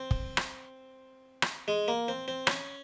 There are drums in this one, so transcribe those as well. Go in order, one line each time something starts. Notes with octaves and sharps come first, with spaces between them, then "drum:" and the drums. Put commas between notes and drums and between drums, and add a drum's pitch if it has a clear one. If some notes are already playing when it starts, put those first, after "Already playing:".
Already playing: C4
drum: kick
drum: rim click
drum: rim click
G#3
A#3
C4
C4
C#4, drum: rim click